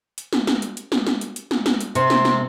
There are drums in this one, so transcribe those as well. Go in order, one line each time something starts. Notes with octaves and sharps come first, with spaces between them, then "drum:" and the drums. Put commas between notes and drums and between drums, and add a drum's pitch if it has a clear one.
drum: hi-hat
drum: snare
drum: snare
drum: hi-hat
drum: hi-hat
drum: snare
drum: snare
drum: hi-hat
drum: hi-hat
drum: snare
drum: snare
drum: hi-hat
C3 C6, drum: hi-hat
drum: snare
drum: snare